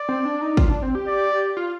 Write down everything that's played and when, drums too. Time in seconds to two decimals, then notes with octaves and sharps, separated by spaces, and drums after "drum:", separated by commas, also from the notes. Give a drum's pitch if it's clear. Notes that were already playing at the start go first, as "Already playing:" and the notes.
Already playing: D5
0.09 C4
0.25 D4
0.41 D#4
0.57 F4, drum: kick
0.69 D4
0.83 C4
0.95 G4
1.08 D5
1.57 F4